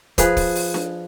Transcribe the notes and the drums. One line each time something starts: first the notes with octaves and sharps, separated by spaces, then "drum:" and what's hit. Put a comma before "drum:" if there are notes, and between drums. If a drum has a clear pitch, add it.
F3 G#4 B4, drum: kick, hi-hat
drum: kick, open hi-hat
drum: open hi-hat
drum: snare D4